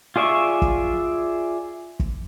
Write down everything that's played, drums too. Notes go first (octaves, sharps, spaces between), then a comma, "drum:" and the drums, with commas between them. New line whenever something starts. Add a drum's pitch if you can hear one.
F4 G#4 D5 E5 C#6
drum: kick
drum: kick